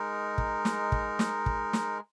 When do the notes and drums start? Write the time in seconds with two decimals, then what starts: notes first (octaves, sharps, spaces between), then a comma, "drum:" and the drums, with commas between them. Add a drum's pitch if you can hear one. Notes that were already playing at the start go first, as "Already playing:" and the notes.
Already playing: G#3 D#4 A#4
0.38 drum: kick
0.65 drum: snare
0.92 drum: kick
1.19 drum: snare
1.46 drum: kick
1.73 drum: snare